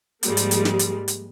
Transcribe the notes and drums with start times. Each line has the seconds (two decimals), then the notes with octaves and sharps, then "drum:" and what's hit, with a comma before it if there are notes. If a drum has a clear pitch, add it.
0.23 G#2 F3 G3 G#3 A#3, drum: hi-hat
0.37 drum: hi-hat
0.51 drum: hi-hat
0.65 drum: snare
0.79 drum: hi-hat
1.08 drum: hi-hat